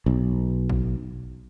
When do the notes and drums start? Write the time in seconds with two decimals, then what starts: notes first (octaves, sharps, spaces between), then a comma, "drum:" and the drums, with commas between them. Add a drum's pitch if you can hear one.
0.06 B1
0.70 drum: kick A1